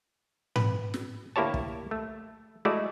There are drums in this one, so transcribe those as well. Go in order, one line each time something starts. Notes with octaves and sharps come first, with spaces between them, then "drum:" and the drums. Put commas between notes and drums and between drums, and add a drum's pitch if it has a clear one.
B4, drum: tom G#2
drum: snare
D2 A#3 E4 G4 C#5 A5
drum: kick
A3
G#3 A3 E4 F#4 D5